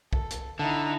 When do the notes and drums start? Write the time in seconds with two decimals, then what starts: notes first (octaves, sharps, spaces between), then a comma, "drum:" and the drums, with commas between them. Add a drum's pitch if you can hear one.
0.13 A4, drum: kick
0.31 drum: hi-hat
0.59 D3 D#4 E4 A5